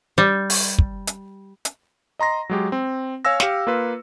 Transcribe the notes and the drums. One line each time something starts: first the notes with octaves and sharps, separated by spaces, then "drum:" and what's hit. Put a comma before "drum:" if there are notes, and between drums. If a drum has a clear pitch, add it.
G3
drum: open hi-hat
drum: kick
drum: hi-hat
drum: hi-hat
D#5 A#5 C6 A#6
F#3 G#3 G4
C4
C#5 F5 G#5 E6 A#6
G4 F5 C#7, drum: snare
A#3 F4 B4